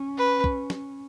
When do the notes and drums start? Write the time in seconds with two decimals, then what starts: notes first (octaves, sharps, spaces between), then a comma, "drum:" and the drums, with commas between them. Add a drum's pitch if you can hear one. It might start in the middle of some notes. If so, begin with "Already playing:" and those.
Already playing: C#4
0.18 B4
0.44 drum: kick
0.70 drum: snare